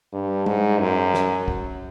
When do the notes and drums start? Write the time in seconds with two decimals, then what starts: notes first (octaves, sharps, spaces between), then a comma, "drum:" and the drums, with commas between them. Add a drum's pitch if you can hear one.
0.13 G2
0.46 G#2, drum: tom G3
0.80 F#2
1.14 drum: snare
1.48 drum: kick